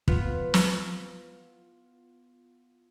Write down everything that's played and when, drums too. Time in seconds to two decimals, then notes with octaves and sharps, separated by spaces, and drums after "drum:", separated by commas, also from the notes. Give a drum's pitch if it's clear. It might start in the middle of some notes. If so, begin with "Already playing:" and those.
0.08 B3 F4, drum: kick
0.54 drum: snare